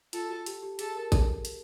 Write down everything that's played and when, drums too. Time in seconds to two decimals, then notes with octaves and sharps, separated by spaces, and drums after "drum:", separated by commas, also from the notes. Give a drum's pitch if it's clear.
0.13 F4 A4, drum: hi-hat
0.29 F#4
0.46 G4, drum: hi-hat
0.63 G4
0.79 G#4 A4, drum: hi-hat
0.95 A#4
1.12 drum: kick G#1, hi-hat
1.45 drum: hi-hat